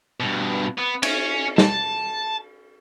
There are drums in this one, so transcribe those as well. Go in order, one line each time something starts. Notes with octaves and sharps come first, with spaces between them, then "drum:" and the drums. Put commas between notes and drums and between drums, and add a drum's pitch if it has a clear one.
G2 B2
B3
C#4, drum: cymbal
A5, drum: snare